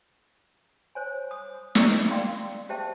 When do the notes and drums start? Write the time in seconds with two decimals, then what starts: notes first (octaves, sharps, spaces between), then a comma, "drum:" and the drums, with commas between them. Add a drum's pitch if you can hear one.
0.95 C5 C#5 G#5
1.31 D#6
1.75 A#4 D5 E5 A#5, drum: snare
2.11 D5 F5 G5 C6
2.69 G4 G#4 C5 E5 G5 A5